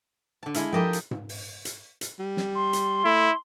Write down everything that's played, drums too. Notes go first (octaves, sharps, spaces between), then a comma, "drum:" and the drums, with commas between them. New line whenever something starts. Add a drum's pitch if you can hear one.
D3 A5
G#3 E4 F5, drum: hi-hat
F3 G4 A4 A#4 D#5 G5
drum: hi-hat
drum: tom G#2
drum: open hi-hat
drum: hi-hat
drum: hi-hat
G3
drum: snare
C6
drum: hi-hat
A3 E4